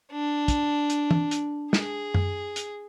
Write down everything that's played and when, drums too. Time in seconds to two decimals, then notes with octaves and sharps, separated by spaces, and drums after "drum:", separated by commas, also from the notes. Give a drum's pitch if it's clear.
0.12 D4
0.48 drum: kick, hi-hat
0.90 drum: hi-hat
1.11 drum: tom E3
1.31 drum: hi-hat
1.73 G#4, drum: snare
2.14 drum: tom F#2
2.56 drum: hi-hat